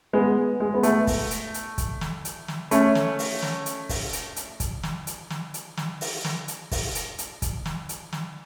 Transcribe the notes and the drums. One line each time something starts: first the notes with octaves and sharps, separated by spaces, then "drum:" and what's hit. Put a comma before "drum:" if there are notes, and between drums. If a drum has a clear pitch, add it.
G#3 B3
G#3
B3
A3, drum: hi-hat
drum: kick, open hi-hat
drum: hi-hat
drum: hi-hat
drum: kick, hi-hat
drum: snare
drum: hi-hat
drum: snare
A3 C#4, drum: hi-hat
drum: snare
drum: open hi-hat
drum: snare
drum: hi-hat
drum: kick, open hi-hat
drum: hi-hat
drum: hi-hat
drum: kick, hi-hat
drum: snare
drum: hi-hat
drum: snare
drum: hi-hat
drum: snare
drum: open hi-hat
drum: snare
drum: hi-hat
drum: kick, open hi-hat
drum: hi-hat
drum: hi-hat
drum: kick, hi-hat
drum: snare
drum: hi-hat
drum: snare